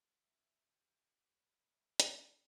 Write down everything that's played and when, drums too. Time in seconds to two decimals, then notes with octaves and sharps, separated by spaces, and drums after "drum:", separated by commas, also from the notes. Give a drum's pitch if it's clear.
0.21 E5
0.57 G4
0.90 E4
1.28 A#4 B5
1.59 E5
2.00 drum: hi-hat